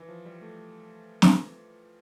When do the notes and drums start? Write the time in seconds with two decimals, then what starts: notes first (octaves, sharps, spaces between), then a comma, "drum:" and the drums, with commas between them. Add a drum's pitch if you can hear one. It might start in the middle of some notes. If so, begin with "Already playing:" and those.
Already playing: E3
0.09 F3
0.25 G3
0.41 A3
1.22 drum: snare